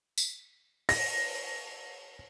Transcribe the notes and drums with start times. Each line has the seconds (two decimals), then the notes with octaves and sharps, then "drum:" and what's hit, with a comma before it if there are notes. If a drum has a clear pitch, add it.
0.18 drum: tambourine
0.89 A#6, drum: open hi-hat